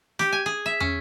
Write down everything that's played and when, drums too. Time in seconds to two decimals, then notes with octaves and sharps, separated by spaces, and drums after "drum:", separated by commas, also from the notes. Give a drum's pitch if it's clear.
0.19 G4, drum: snare
0.33 G#5
0.46 G#4
0.66 E5
0.80 C#4, drum: tom